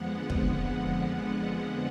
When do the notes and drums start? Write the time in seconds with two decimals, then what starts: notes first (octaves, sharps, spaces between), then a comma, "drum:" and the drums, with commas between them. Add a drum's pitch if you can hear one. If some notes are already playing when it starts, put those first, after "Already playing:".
Already playing: F2 D3 F3 G#3 B3 F#5
0.12 F#5
0.30 drum: kick